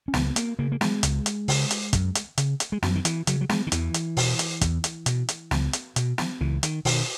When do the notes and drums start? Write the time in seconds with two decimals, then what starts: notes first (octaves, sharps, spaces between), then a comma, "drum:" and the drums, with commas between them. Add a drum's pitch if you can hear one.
0.08 C#4
0.14 C#2 B3, drum: snare
0.36 A#3, drum: hi-hat
0.59 C#3 A#3
0.72 A#3
0.81 G#3, drum: snare
1.03 C#2, drum: hi-hat
1.26 drum: hi-hat
1.48 C#3, drum: open hi-hat
1.71 drum: hi-hat
1.93 F#2, drum: kick, hi-hat
2.15 drum: hi-hat
2.38 C#3, drum: hi-hat
2.60 drum: hi-hat
2.72 G#3
2.83 F#2 F#3, drum: snare
2.95 D#3
3.05 E3, drum: hi-hat
3.27 C#3 F#3, drum: hi-hat
3.41 F#3
3.49 G#3, drum: snare
3.67 D#3
3.72 E2 E3, drum: hi-hat
3.94 drum: hi-hat
4.17 B2, drum: open hi-hat
4.39 drum: hi-hat
4.61 E2, drum: kick, hi-hat
4.84 drum: hi-hat
5.06 B2, drum: hi-hat
5.29 drum: hi-hat
5.51 C#2, drum: snare
5.73 drum: hi-hat
5.96 B2, drum: hi-hat
6.18 drum: snare
6.41 C#2 E3
6.63 D#3, drum: hi-hat
6.85 B2 D#3, drum: open hi-hat